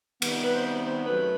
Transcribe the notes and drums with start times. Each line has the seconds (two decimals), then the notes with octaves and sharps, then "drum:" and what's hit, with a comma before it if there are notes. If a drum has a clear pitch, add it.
0.22 C3 D#3 G3 B3, drum: cymbal
0.43 B4
0.54 C5
0.64 B4
0.86 C5
1.06 F#2 F#3 A3 B4